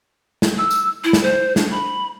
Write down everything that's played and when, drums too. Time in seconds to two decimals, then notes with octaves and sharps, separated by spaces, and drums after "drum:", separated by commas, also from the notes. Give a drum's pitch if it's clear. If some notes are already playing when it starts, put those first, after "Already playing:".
0.42 drum: snare
0.58 E6
0.71 drum: tambourine
1.04 E4
1.13 drum: snare
1.23 C5
1.56 D4, drum: snare
1.71 B5